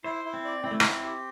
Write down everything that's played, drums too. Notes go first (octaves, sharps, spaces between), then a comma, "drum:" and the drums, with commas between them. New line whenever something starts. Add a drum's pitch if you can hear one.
E4 C5
E4
C4
D5
C4 E4
A3
C4 E4, drum: rim click
G4